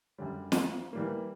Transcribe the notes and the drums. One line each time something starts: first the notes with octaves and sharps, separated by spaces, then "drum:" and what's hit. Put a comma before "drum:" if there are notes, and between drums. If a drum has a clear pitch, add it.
F#2 D3 G3
drum: snare
E3 G3 A#3